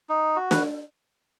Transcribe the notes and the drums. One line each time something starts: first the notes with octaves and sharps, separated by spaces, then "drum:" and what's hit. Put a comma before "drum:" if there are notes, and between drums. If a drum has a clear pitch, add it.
D#4
F#4
B4, drum: snare